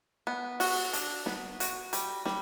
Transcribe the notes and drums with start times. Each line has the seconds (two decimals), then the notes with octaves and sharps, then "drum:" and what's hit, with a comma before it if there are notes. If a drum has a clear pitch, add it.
0.27 B3
0.60 F#4, drum: open hi-hat
0.93 D4, drum: hi-hat
1.26 B3, drum: snare
1.60 F#4, drum: hi-hat
1.93 G3, drum: hi-hat
2.25 G3, drum: snare